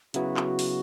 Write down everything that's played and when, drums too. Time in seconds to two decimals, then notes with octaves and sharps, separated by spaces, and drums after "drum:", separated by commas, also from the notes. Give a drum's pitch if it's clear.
0.14 C#3 F#3 B3 E4 F#4, drum: hi-hat
0.37 drum: clap
0.59 drum: open hi-hat